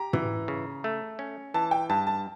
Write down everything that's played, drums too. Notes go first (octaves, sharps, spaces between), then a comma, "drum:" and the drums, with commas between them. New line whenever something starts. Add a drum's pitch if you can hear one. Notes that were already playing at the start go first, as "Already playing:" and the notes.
Already playing: G4 A#5
E3, drum: tom
C#3
A3
C#4
E3 A5
G5
G2 A5
A5